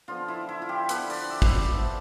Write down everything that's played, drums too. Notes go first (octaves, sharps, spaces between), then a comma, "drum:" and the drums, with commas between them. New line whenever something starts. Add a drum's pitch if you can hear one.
D3 F3 B3 F4
E4
E4
F4
G4
D3 F3 B3 B4, drum: hi-hat
D5, drum: open hi-hat
E5
drum: kick
D3 F3 B3 E5